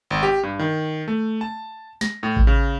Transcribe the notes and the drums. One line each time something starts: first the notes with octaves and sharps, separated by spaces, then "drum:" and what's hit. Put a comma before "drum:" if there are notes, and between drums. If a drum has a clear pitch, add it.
G#1
G4
G2
D#3
A3
A5
A#6, drum: snare
A2
drum: kick A1
C#3